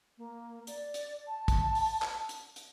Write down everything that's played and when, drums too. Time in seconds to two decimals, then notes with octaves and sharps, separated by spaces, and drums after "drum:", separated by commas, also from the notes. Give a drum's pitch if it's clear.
0.18 A#3
0.67 D5, drum: hi-hat
0.94 drum: hi-hat
1.27 A5
1.48 drum: kick, hi-hat
1.75 drum: open hi-hat
2.02 drum: clap
2.29 drum: hi-hat
2.56 drum: hi-hat